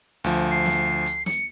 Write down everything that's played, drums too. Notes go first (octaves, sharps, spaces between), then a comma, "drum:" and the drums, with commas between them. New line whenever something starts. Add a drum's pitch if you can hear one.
D2 F3, drum: hi-hat
C7
drum: snare
drum: hi-hat
C#7, drum: snare